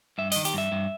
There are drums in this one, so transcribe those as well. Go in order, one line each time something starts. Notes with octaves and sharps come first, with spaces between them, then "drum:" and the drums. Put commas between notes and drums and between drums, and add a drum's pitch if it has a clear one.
G2 E5
D#3 D#5, drum: open hi-hat
G4, drum: hi-hat
G2 E5
G2